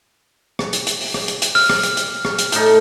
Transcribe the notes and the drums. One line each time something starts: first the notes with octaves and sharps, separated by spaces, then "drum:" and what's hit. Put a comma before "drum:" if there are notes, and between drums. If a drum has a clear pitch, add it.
drum: rim click
drum: hi-hat
drum: hi-hat
drum: open hi-hat
drum: rim click
drum: hi-hat
drum: hi-hat
F6, drum: open hi-hat
drum: rim click
drum: hi-hat
drum: hi-hat
drum: rim click
drum: hi-hat
A2 D#4, drum: hi-hat